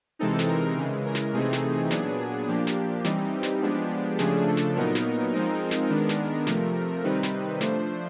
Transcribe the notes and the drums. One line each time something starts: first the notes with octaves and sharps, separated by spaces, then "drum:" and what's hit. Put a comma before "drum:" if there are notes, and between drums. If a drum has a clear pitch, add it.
C3 E3 G#3 C4 D#4 A4
drum: snare
A#4
C#3 E3 G#3
A#4
drum: snare
C3 E3 A3 C4 D#4 G#4
drum: snare
A#2 F#3 B3 D4 G#4, drum: snare
A#2 F3 A#3 D4 G4
drum: snare
E3 G3 C4 D#4, drum: snare
drum: snare
F3 G#3 B3 D4
C#3 F3 A3 D4 G#4, drum: snare
A4
drum: snare
A#2 F#3 B3 D#4 A#4
drum: snare
F3 G#3 C4 D#4
drum: snare
D#3 G#3 B3 D4
drum: snare
C3 F3 A3, drum: snare
C3 D#3 G3 C4 D#4 B4
drum: snare
F3 A3 D4 C5, drum: snare